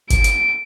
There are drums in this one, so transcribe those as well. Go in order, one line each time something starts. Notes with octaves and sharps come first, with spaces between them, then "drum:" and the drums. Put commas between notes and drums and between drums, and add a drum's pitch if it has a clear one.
D7, drum: kick G1, hi-hat
drum: hi-hat